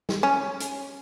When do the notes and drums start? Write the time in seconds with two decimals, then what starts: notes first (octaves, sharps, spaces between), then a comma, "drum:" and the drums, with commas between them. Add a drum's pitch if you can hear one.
0.09 drum: snare
0.23 C#4
0.60 drum: hi-hat